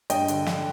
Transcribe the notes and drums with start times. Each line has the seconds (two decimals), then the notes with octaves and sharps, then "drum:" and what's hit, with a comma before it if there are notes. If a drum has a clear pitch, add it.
0.10 G2 D#5 G5, drum: hi-hat
0.28 D3, drum: hi-hat
0.46 D3, drum: snare